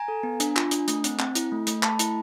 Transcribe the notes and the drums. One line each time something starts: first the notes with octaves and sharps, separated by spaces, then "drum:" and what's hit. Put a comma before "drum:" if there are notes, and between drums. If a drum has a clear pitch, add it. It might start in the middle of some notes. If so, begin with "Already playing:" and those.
Already playing: G#5 A#5
A4
B3
D4, drum: hi-hat
F4, drum: clap
D4, drum: hi-hat
A3, drum: hi-hat
C4, drum: hi-hat
C4, drum: clap
E4, drum: hi-hat
A3
A3, drum: hi-hat
A3 A5 B5, drum: clap
E4, drum: hi-hat